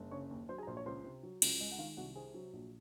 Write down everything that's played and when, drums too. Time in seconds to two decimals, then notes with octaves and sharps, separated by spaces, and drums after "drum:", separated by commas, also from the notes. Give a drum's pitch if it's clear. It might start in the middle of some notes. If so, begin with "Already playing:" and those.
Already playing: F#1
0.11 C#3 C#5 C#6
0.31 D#2
0.49 F#3 C5 C6
0.58 G#4 G#5
0.63 A#5
0.67 A#1 C5 C6
0.77 C#5 C#6
0.86 C#2 C5 C6
1.04 C3
1.23 F#3
1.42 C#2, drum: cymbal
1.60 G#3 D#5
1.72 F#5
1.78 D#3 F4 F5
1.97 C2 F#4 F#5
2.15 C3 G#4 G#5
2.34 F#3
2.53 A#1